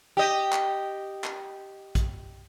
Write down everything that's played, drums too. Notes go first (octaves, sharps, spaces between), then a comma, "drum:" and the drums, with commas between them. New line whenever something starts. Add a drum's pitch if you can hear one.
G4 D#5
drum: clap
drum: clap
drum: kick, hi-hat